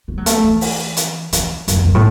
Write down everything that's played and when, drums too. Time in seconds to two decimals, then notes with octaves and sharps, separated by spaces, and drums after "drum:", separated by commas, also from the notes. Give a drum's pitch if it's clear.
0.08 A3
0.18 F#3
0.26 A3, drum: hi-hat
0.44 E3
0.61 drum: open hi-hat
0.97 drum: hi-hat
1.33 E3, drum: hi-hat
1.68 F#2, drum: hi-hat
1.76 E2
1.85 F#2
1.94 A2